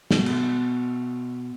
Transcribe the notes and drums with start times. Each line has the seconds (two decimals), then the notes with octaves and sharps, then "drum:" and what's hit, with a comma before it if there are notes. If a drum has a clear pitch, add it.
0.11 B2, drum: snare
0.26 drum: cymbal